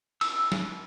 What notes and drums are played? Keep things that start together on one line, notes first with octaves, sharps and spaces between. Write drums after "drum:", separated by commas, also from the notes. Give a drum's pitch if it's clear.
E6, drum: cymbal
drum: snare